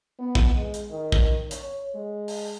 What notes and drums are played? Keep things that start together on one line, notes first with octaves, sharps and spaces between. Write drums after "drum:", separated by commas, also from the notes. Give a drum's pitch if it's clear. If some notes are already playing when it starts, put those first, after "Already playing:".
B3
drum: kick
G#3
drum: hi-hat
D#3
drum: kick
C#5, drum: hi-hat
G#3
drum: open hi-hat